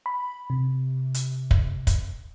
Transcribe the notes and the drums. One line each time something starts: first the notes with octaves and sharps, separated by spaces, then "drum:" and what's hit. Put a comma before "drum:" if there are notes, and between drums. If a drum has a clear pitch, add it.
B5
C3
drum: hi-hat
drum: kick
drum: kick, hi-hat